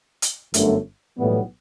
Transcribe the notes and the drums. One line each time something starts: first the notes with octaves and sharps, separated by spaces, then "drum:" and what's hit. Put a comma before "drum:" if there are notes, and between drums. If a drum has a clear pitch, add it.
drum: hi-hat
G1 F#2 D3 A3, drum: hi-hat
B1 A2 E3 G3 B3